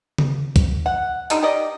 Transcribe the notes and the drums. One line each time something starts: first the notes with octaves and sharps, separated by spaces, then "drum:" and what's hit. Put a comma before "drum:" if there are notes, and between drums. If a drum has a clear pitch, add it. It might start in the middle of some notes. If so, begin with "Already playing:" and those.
drum: tom C#3
drum: kick C2, hi-hat
F#5
D3 G3 D#4, drum: hi-hat
G4 D5 D#5